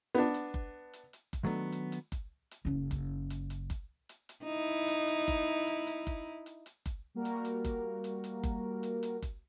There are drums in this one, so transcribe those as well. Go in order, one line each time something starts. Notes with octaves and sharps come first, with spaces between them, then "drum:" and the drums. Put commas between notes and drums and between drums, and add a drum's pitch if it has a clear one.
B3 D4, drum: hi-hat
drum: hi-hat
drum: kick F#1
drum: hi-hat
drum: hi-hat
drum: kick F#1, hi-hat
D#3 F#3 A3 B3 D4
drum: hi-hat
drum: hi-hat
drum: kick F#1, hi-hat
drum: hi-hat
F#1 C#4
drum: kick F#1, hi-hat
drum: hi-hat
drum: hi-hat
drum: kick F#1, hi-hat
drum: hi-hat
drum: hi-hat
D#4 E4
drum: hi-hat
drum: hi-hat
drum: kick F#1, hi-hat
drum: hi-hat
drum: hi-hat
drum: kick F#1, hi-hat
drum: hi-hat
drum: hi-hat
drum: kick F#1, hi-hat
G3 A#3 F#4 A#4
drum: hi-hat
drum: hi-hat
drum: kick F#1, hi-hat
drum: hi-hat
drum: hi-hat
drum: kick F#1, hi-hat
drum: hi-hat
drum: hi-hat
drum: kick F#1, hi-hat